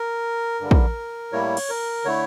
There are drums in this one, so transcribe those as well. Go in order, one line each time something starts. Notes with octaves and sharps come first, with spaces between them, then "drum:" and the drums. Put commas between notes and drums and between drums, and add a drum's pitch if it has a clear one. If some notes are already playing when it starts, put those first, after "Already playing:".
Already playing: A#4
G2 D3 G3
drum: kick
A2 G3 A#3 E4 C#5
drum: cymbal
A#4
D3 A3 E4 C#5